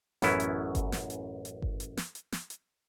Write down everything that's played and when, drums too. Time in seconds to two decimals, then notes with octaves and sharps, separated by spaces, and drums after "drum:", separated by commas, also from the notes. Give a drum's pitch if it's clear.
0.22 A1 F#2 B3 C#4 E4, drum: snare
0.40 drum: hi-hat
0.75 drum: kick G1, hi-hat
0.92 drum: snare
1.10 drum: hi-hat
1.45 drum: hi-hat
1.62 drum: kick G1
1.80 drum: hi-hat
1.97 drum: snare
2.15 drum: hi-hat
2.32 drum: snare
2.50 drum: hi-hat